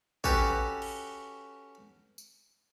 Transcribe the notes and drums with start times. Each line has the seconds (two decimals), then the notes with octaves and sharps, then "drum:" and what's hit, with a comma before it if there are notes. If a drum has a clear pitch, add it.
0.24 C#4 F#4 G4 A4 B4 A5, drum: kick A1
0.82 drum: cymbal
2.18 drum: tambourine